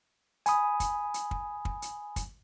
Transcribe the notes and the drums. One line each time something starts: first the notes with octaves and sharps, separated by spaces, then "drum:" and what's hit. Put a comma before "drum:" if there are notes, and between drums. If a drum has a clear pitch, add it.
G#5 B5 D#6, drum: hi-hat
drum: kick, hi-hat
drum: hi-hat
drum: kick
drum: kick
drum: hi-hat
drum: kick, hi-hat